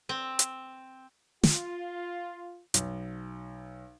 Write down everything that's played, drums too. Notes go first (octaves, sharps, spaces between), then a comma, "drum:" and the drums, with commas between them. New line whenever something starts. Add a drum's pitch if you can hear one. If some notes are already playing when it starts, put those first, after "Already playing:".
C4
drum: hi-hat
F4, drum: snare
B1, drum: hi-hat